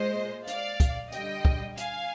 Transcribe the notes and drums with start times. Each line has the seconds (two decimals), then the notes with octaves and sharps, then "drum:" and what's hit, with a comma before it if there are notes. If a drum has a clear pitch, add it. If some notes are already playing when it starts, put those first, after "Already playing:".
Already playing: A#2 G#3 C5 D#5
0.47 D5 F5, drum: hi-hat
0.80 drum: kick, hi-hat
1.12 D3 G3 D#5 G5, drum: hi-hat
1.45 drum: kick
1.77 F5 G#5, drum: hi-hat